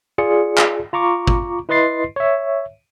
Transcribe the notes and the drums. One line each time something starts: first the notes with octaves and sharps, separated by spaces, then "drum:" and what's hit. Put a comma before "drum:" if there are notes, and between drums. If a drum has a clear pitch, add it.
F4 G#4 D5 C#7
drum: clap
F4 A#5 C#6 D6
drum: kick
E4 B4 D#5 C6 A6 C7
C#5 E5